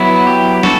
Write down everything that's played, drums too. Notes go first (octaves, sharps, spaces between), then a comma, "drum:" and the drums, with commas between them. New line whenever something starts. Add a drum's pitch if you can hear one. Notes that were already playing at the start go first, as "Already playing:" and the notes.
Already playing: F#3 B3 E4
G4
F#4 A4, drum: snare